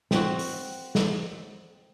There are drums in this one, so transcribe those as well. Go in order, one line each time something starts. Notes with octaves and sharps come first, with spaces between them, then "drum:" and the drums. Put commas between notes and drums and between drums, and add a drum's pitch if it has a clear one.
C4 F#4, drum: snare
drum: open hi-hat
drum: snare